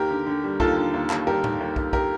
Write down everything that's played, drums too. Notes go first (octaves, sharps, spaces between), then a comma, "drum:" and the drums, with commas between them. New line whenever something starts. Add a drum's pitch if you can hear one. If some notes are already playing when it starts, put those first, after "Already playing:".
Already playing: D#2 G4 A#4
D3
D3
G3
D#2 F4 A4, drum: kick
D3
D#2
D#2, drum: clap
G3 G4 A#4
D#2, drum: tom A2
D#2
D#2, drum: kick
G4 A#4, drum: kick